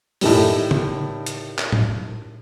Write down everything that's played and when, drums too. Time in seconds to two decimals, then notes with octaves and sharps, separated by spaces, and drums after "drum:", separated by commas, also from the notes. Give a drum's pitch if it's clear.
0.21 A2 D#3 G3, drum: open hi-hat
0.71 drum: tom C#3
1.26 drum: hi-hat
1.58 drum: clap
1.72 drum: tom A2